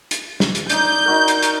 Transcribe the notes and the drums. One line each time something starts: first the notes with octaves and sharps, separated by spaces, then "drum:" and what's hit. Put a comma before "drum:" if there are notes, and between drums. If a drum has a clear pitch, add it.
drum: hi-hat
drum: snare
drum: hi-hat
D4 D#4 G6, drum: hi-hat
D#4 F#4 A#4
drum: hi-hat
drum: hi-hat